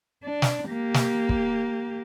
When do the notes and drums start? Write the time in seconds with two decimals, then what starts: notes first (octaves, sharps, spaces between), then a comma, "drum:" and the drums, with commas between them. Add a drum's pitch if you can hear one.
0.25 D4
0.42 drum: snare
0.67 A#3 G4
0.94 drum: snare
1.29 drum: kick